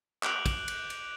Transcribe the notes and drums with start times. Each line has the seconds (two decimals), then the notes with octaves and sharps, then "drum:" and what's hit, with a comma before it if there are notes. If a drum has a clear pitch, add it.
0.23 D6 F#6 G6 D7 F7 F#7, drum: clap
0.46 drum: kick, cymbal
0.68 drum: cymbal
0.90 drum: cymbal